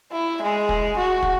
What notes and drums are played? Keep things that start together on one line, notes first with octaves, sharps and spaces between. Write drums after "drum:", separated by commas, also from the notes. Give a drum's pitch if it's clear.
E4
G#3
drum: kick
F#4
drum: kick